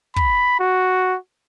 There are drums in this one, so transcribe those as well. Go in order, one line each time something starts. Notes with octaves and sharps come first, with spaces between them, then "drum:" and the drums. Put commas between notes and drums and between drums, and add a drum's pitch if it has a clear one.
B5, drum: kick
F#4